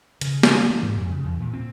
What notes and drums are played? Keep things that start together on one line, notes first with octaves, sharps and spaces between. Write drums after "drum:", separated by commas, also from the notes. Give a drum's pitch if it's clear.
C#3, drum: hi-hat
drum: snare
G3
E3
G#2
F2
C#3
E2
A#2
C4